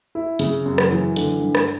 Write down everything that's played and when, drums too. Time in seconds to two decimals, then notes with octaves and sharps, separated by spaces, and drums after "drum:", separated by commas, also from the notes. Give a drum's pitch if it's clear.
0.15 E4
0.39 C#3, drum: hi-hat
0.66 F#2
0.78 drum: rim click
0.91 E3
1.16 D3, drum: hi-hat
1.42 G2
1.55 drum: rim click